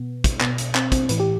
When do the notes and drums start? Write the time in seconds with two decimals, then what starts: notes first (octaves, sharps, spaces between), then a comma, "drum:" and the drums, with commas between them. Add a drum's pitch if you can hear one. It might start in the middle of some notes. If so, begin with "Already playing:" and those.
Already playing: B2 B3
0.24 drum: kick, hi-hat
0.41 B2 B3, drum: clap
0.58 drum: hi-hat
0.75 C4, drum: clap
0.92 C4, drum: kick, hi-hat
1.09 A2 E3 B4, drum: hi-hat
1.20 G4